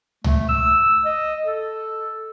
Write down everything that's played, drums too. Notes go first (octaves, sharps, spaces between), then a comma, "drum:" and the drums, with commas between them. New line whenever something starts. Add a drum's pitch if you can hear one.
A3, drum: tom
E6
D#5
A4